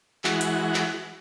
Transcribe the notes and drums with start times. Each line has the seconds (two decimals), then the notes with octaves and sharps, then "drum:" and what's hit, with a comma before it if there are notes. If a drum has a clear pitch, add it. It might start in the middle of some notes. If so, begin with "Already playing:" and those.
0.24 E3 G#3 F#4, drum: clap
0.41 drum: hi-hat
0.74 drum: clap